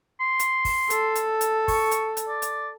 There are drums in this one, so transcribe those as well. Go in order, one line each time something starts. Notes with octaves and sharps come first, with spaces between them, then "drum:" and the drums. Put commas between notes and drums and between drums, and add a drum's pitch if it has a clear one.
C6
drum: hi-hat
drum: kick, open hi-hat
A4, drum: hi-hat
drum: hi-hat
drum: hi-hat
C#6, drum: kick, open hi-hat
drum: hi-hat
drum: hi-hat
D5
drum: hi-hat